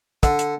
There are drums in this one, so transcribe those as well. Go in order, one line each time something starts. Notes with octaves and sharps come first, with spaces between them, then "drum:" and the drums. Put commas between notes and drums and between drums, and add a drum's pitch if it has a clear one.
D3, drum: kick, hi-hat
drum: hi-hat